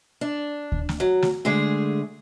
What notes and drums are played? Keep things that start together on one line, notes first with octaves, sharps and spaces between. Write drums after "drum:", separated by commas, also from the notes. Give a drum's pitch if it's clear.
D4
drum: kick D2
drum: snare
F#3
drum: snare
D3 G#3 A3 G#4